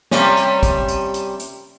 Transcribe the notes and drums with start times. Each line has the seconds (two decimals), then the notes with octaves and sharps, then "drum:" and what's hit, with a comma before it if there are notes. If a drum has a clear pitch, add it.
0.11 C3 G3 C#4, drum: snare
0.37 drum: hi-hat
0.63 drum: kick, hi-hat
0.88 drum: hi-hat
1.14 drum: hi-hat
1.40 drum: hi-hat